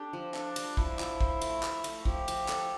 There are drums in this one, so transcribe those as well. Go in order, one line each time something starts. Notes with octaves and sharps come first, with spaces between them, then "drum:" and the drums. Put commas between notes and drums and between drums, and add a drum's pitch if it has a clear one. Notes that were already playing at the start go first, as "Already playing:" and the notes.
Already playing: D4 G4 A4
F3
D4 A4, drum: clap
G3, drum: cymbal
F3 E4, drum: kick
F3, drum: clap
C5, drum: kick
A3, drum: cymbal
A3, drum: clap
A3, drum: cymbal
F3 G4, drum: kick
F3, drum: cymbal
A4, drum: clap